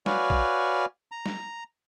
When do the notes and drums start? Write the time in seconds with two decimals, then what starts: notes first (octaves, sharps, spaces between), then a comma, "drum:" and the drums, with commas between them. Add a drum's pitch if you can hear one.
0.06 F#4 B4 C#5 D5 F5 G#5, drum: snare
0.30 drum: kick A#1
1.12 A#5
1.26 drum: snare